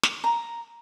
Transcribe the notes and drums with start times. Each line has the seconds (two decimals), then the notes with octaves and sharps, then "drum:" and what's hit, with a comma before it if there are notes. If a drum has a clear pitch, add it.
0.03 drum: snare
0.24 A#5